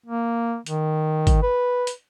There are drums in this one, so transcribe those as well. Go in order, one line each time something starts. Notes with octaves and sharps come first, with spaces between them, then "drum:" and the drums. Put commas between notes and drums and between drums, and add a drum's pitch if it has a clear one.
A#3
D#3, drum: hi-hat
drum: kick, hi-hat
B4
drum: hi-hat